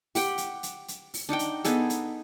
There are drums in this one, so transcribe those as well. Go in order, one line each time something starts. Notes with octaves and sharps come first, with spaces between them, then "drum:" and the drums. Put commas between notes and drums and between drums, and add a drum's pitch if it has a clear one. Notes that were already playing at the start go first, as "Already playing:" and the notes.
G4 F#5 G5, drum: open hi-hat
drum: hi-hat
drum: hi-hat
drum: hi-hat
drum: open hi-hat
D4 D#4 F#5 G5
drum: hi-hat
B3 D#4 G#4 A4, drum: hi-hat
drum: hi-hat